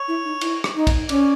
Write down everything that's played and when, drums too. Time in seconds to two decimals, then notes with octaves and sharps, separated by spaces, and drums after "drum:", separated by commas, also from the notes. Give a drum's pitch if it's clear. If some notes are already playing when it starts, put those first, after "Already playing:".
Already playing: C#5
0.08 E4
0.25 D#4
0.41 E4, drum: cymbal
0.64 drum: rim click
0.75 D#4
0.87 drum: kick, cymbal
1.09 C#4 D5, drum: cymbal